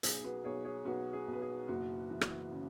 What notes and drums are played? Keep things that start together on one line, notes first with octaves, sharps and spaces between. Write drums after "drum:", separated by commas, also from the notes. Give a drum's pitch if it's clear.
B1 G#4, drum: hi-hat
F#4 B4
B1 G#4 C#5
G#4 C#5
B1 F#4 B4
G#4
B2
B4
G#4
F#1 F#4
E3
drum: rim click
C#3